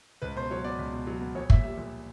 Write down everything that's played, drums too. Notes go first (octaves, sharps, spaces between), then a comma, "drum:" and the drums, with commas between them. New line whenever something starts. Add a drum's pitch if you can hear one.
C#2 B4
B2 C5
F#3 C#5
B3 D5
C#2
B2
F#3
B3
A#1 C#5
A#2 E5, drum: kick
G3 E5
A#1